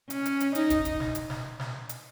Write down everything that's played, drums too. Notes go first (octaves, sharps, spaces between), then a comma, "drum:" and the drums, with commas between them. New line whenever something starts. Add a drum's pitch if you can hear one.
C#4, drum: hi-hat
drum: hi-hat
drum: hi-hat
D#4, drum: hi-hat
drum: kick, hi-hat
drum: kick, hi-hat
drum: snare
drum: hi-hat
drum: snare
drum: snare
drum: hi-hat